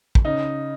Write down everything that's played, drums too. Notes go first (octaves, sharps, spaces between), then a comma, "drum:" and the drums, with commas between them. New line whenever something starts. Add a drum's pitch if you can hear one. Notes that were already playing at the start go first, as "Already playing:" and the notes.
drum: kick
C#3 D#4